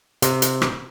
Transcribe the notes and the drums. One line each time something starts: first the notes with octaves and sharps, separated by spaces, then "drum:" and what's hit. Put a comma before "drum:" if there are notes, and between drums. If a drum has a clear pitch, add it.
C3, drum: hi-hat
drum: hi-hat
drum: rim click